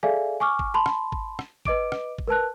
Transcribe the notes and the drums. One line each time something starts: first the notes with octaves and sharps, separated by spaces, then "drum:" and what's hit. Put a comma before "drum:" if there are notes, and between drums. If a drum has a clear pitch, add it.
G#4 A4 D5 E5 F5 G#5
G#5 C#6 D6 F6
drum: kick
A5 B5 C6
drum: rim click
drum: kick
drum: rim click
B4 D#5 D6 D7, drum: kick
drum: rim click
drum: kick
A#4 B4 A5 F#6